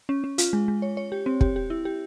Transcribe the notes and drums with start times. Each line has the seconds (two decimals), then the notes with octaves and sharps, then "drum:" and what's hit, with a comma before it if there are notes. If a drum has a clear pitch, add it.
0.09 C#4
0.24 C#4
0.38 F4, drum: hi-hat
0.53 G#3
0.68 G#3
0.82 C#5
0.97 C#5
1.12 G4
1.26 C4
1.41 G4, drum: kick
1.56 G4
1.70 E4
1.85 G4